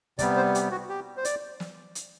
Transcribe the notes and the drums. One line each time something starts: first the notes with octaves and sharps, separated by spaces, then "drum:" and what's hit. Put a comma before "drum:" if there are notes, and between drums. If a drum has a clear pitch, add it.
C3 G3 B3 D5, drum: kick, hi-hat
C5
G4, drum: hi-hat
F#4
G4
C5
D5, drum: hi-hat
drum: snare
drum: hi-hat